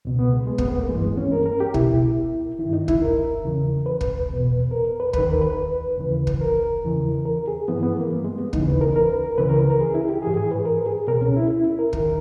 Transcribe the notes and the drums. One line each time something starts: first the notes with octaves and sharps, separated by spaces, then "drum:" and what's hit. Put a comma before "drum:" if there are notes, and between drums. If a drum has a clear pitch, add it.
C#2 B2
B3
G#3
G#3
B3, drum: kick
B3
A#3
G2 E3 G#3
B3
C#4
A#4
A#4
G4
C#2 B2 E4, drum: kick
G2 D#3 E4
D#4
E4, drum: kick
A#4
E2 C#3 E3
B4
drum: kick
E2 B2
A#4
B4
D#2 D#3 B4, drum: kick
A#4
B4
D#2 C#3 E3
drum: kick
A#4
E2 C#3 E3
A#4
G#4
G2 E3 B3
B3
A#3
G3
G#3
B3
D#2 C#3 E3 D#4, drum: kick
B4
A#4
A#4
B4
A#4
C#2 C#3 E3 B4
A#4
B4
A#4
G#4
E4
G4
G#2 E3 G#4
G#4
B4
A#4
G#4
C#2 B2 A#4
C#4
E4
E4
A#4
D#3 A#4, drum: kick